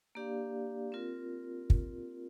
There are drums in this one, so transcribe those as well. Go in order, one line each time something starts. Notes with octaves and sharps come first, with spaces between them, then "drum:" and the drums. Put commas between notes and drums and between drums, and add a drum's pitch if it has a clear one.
A#3 D4 G4 D5 F5
C4 F4 A#4
drum: kick